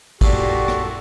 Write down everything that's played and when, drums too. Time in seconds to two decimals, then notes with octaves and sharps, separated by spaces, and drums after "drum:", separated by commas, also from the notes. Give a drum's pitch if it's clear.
0.21 F#2 A#2 F#4 G4 A4 D5, drum: kick, cymbal
0.68 drum: rim click